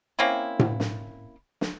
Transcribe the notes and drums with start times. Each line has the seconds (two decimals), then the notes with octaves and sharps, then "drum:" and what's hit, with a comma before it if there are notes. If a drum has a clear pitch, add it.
0.19 A#3 C4 C#4 E4
0.59 drum: tom A2
0.80 drum: snare
1.61 drum: snare